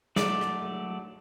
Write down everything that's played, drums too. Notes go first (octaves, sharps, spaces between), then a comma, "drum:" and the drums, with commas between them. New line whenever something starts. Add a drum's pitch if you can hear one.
F#3 A3 D5, drum: snare
drum: rim click